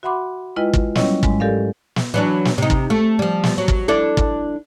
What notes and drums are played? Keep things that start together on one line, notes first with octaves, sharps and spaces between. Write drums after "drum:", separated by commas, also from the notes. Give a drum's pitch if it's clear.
F#4 E5 F#5 B5 C6 D6
G#3 E4 F4 B4 D#5 G5
drum: kick
F#3 G3 C#4 E4 C#5 D#5, drum: snare
G#2 G#3, drum: kick
G4 A4 A#4 D5 F5
drum: snare
E3 F#3 D4
drum: snare
C3 D#4
drum: kick
A3
F3 G3
drum: snare
F#3
drum: kick
D4 E4 A4
drum: kick